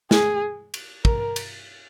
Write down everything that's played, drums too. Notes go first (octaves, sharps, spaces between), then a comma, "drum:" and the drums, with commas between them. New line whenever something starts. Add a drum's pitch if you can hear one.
G#4, drum: snare
drum: cymbal
A#4, drum: kick
drum: cymbal